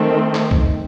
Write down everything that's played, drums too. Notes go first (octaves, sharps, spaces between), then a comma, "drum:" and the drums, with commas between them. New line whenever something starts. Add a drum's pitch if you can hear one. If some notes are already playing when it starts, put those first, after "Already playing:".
Already playing: D#3 A3 C4
drum: clap
drum: kick